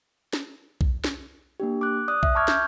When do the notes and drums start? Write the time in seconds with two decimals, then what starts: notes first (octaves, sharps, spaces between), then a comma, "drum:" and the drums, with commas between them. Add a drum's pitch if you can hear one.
0.33 drum: snare
0.81 drum: kick B1
1.04 drum: snare
1.60 A#3 D4 G4
1.81 D6 F#6
2.08 D5 D#6 F#6
2.23 E5, drum: kick B1
2.35 A5 B5 C#6 D6 F6 G#6
2.48 G6, drum: snare